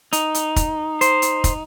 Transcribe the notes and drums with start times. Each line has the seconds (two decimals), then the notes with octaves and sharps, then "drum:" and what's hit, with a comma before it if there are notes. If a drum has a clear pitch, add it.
0.13 D#4, drum: hi-hat
0.34 drum: hi-hat
0.56 drum: kick, hi-hat
1.01 C5, drum: hi-hat
1.22 drum: hi-hat
1.44 drum: kick, hi-hat